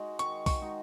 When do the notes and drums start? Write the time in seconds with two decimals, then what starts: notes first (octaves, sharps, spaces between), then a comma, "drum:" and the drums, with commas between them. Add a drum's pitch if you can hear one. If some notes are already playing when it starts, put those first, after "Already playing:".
Already playing: G#3 D#4 F#4
0.19 D#3 C#6, drum: hi-hat
0.46 C#6, drum: kick, open hi-hat
0.60 G#3 D#4 F#4